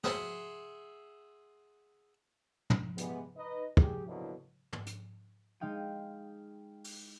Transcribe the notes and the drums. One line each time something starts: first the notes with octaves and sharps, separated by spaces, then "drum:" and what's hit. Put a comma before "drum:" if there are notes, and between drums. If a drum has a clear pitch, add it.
G#4 E5 F#5 C6, drum: snare
drum: tom
E3 G3 G#3 B3, drum: hi-hat
D#4 B4 D#5
G4 G#4, drum: kick
B2 D3 F3 F#3 A#3 E4
drum: tom
drum: hi-hat
G#3 D#4 F5 G5 D#6 D#7
drum: open hi-hat